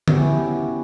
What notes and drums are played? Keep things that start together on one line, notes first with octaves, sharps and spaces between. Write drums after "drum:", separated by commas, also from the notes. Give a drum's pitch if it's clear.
B3 C#4 E4 F#4 G4, drum: tom D3